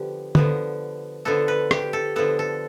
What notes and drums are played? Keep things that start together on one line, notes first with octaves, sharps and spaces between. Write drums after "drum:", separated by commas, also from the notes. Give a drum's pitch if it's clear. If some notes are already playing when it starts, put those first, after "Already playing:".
Already playing: D3 F3 B3 G4
D3 F3 B3, drum: tom D3
D3 F3 B3 A4
B4
G4, drum: rim click
A4
D3 F3 B3 A4
A4